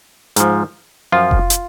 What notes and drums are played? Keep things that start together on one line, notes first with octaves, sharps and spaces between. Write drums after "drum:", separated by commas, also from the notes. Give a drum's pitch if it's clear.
G#2 F3, drum: hi-hat
F#2 F3 F4
drum: kick F1
drum: hi-hat